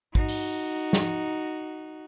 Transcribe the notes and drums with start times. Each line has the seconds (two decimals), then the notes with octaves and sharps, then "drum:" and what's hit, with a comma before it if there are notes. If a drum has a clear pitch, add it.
0.15 D#4 F#4, drum: kick
0.28 drum: open hi-hat
0.93 drum: snare